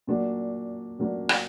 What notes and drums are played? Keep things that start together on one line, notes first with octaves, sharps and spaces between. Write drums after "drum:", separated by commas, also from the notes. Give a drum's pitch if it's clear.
A#2 F#3 A#3 D4
A#2 F#3 A#3 D4
drum: rim click